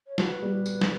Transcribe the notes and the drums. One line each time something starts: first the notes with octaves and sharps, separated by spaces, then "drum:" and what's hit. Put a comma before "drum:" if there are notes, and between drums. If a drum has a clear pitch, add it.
C#5
F#4 B4, drum: snare
G3
drum: tambourine
drum: snare